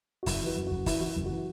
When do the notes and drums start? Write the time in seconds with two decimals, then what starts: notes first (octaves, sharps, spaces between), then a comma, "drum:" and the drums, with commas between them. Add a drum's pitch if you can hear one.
0.23 F#4
0.26 F#1 E4, drum: kick, open hi-hat
0.42 E3 F#4 B4
0.56 F#2
0.67 F#1 F#4
0.86 E3 E4, drum: kick, open hi-hat
1.00 E3 F#4
1.06 E4
1.16 F#1
1.26 E3 F#4